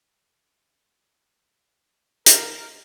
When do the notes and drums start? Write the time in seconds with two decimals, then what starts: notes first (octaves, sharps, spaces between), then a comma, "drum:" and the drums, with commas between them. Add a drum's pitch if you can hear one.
2.26 A#4, drum: hi-hat